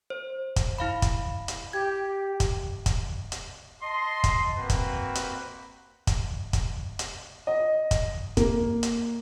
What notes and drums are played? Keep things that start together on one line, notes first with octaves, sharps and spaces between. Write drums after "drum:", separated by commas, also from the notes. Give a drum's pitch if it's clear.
C5
drum: kick, hi-hat
E4 F5 B5
drum: kick, hi-hat
drum: hi-hat
G4 G#6
drum: kick, hi-hat
drum: kick, hi-hat
drum: hi-hat
D#5 A5 C6
drum: kick, hi-hat
A#3 C4 F#4 B4
drum: kick, hi-hat
drum: hi-hat
drum: kick, hi-hat
drum: kick, hi-hat
drum: hi-hat
D#5
drum: kick, hi-hat
A#3, drum: kick, hi-hat
drum: hi-hat